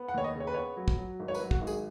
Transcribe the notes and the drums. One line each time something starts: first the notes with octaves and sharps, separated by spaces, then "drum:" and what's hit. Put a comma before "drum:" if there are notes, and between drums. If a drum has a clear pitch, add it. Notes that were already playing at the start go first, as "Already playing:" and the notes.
Already playing: B3
F#5
D#2 C#5
D#5
C#3 C#5
B4
B3 C#5
F#3
drum: kick
F#3
G#1
C#5
B4, drum: tambourine
F#3
F#4, drum: kick
G#1
G#4, drum: tambourine